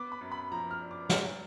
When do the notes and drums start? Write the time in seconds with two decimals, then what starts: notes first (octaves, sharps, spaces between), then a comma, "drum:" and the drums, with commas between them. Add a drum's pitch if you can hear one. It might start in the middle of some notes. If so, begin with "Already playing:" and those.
Already playing: B3 D6
0.12 B5
0.21 F#2
0.32 B5
0.52 F3 A#5
0.71 F6
0.81 D4
0.91 D6
1.09 F#3 F6, drum: snare